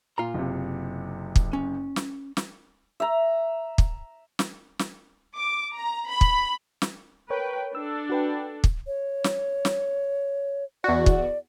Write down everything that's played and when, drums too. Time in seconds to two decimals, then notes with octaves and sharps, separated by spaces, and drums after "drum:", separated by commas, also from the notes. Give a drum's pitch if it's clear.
0.18 A#2 F4 A#5
0.34 F#1 C3
1.36 drum: kick
1.53 C#4
1.96 drum: snare
2.37 drum: snare
3.00 E5 A#5
3.78 drum: kick
4.39 drum: snare
4.79 drum: snare
5.38 D6
5.74 A#5
6.08 B5
6.21 drum: kick
6.82 drum: snare
7.30 A#4 B4 C#5 G5
7.75 D4 A4 E6
8.10 F#4 B4 G5
8.64 drum: kick
8.87 C#5
9.24 drum: snare
9.65 drum: snare
10.84 E2 F#4 D5
11.06 drum: kick